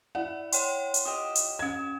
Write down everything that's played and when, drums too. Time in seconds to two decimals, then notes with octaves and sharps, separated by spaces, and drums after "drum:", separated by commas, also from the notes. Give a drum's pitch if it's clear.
0.15 E4 D5 F#5
0.52 C#5 G5 C6, drum: hi-hat
0.94 drum: hi-hat
1.05 F4 G4 D#5 D#6 E7
1.35 drum: hi-hat
1.59 C#4 G#6 E7